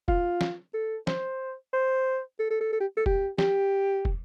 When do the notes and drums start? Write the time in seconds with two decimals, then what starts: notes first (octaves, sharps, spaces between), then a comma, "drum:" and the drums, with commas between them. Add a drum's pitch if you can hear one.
0.08 F4, drum: kick
0.41 drum: snare
0.74 A4
1.07 C5, drum: snare
1.73 C5
2.39 A4
2.50 A4
2.61 A4
2.73 A4
2.80 G4
2.97 A4
3.06 G4, drum: kick
3.38 G4, drum: snare
4.05 drum: kick